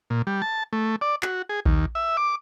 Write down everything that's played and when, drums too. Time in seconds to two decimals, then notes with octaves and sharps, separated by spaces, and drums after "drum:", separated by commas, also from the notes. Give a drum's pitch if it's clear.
0.10 A#2
0.27 G3
0.42 A5
0.73 A3
1.01 D5
1.23 F#4, drum: clap
1.49 G#4
1.66 D#2, drum: kick A#1
1.95 E5
2.17 D6